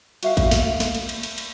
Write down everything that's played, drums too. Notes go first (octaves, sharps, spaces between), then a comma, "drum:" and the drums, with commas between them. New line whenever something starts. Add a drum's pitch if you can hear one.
F#4 E5 F5, drum: cymbal
drum: kick A1, cymbal
drum: snare
drum: snare
drum: cymbal
drum: cymbal
drum: cymbal
drum: cymbal